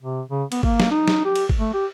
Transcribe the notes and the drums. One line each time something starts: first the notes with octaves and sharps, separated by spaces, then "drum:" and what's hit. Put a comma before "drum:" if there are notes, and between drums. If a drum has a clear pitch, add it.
C3
C#3
B3, drum: cymbal
A#3, drum: kick G1
drum: snare
D#4
drum: snare
G4
drum: cymbal
drum: kick G1
A3
G4